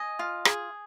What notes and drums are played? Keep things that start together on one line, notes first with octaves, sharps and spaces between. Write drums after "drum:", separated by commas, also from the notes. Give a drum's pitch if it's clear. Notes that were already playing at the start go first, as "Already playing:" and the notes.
Already playing: D#5 G#5
F4
G#4, drum: rim click